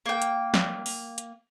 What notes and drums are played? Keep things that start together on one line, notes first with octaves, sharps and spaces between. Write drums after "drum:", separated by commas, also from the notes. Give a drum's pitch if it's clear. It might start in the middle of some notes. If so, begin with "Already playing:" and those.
A#3 G5
drum: hi-hat
drum: snare
drum: open hi-hat
drum: hi-hat